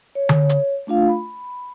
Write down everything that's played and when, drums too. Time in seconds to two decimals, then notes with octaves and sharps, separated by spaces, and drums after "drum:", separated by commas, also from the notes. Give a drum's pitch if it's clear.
0.15 C#5
0.29 drum: tom D3
0.49 drum: hi-hat
0.87 A3 D4 F4 F5
1.08 B5